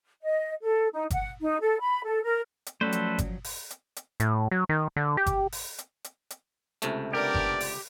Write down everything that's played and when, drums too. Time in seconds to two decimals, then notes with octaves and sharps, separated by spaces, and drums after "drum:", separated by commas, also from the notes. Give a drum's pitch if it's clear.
0.21 D#5
0.62 A4
0.92 D#4
1.10 F#5, drum: kick G1, hi-hat
1.40 D#4
1.60 A4
1.80 B5
2.03 A4
2.23 A#4
2.66 drum: hi-hat
2.81 F3 F#3 A3 C#4 A4 B4 C5 D5
2.92 drum: hi-hat
3.18 drum: kick G1, hi-hat
3.44 drum: open hi-hat
3.70 drum: hi-hat
3.96 drum: hi-hat
4.20 A2, drum: hi-hat
4.51 F#3
4.69 D#3
4.96 D3
5.17 G4
5.26 drum: kick G1, hi-hat
5.52 drum: open hi-hat
5.78 drum: hi-hat
6.04 drum: hi-hat
6.30 drum: hi-hat
6.82 C#2 C3 A3, drum: hi-hat
7.13 B3 D4 G4 A#4 D5
7.34 drum: kick G1
7.60 drum: open hi-hat